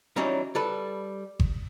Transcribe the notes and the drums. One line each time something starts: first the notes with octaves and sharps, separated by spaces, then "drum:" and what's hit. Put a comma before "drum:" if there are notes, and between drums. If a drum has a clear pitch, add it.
E3 F#3 G3 C#4 D#4
G3 A4 B4
drum: kick G1